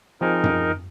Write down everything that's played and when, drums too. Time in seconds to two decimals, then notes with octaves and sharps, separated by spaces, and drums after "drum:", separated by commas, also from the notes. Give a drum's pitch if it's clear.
0.21 F3 C4 D#4 G#4 A#4
0.44 drum: tom F#2